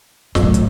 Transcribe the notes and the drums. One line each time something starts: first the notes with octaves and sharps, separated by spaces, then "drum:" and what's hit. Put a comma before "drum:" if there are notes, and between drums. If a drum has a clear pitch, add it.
F#2, drum: snare
A2
drum: hi-hat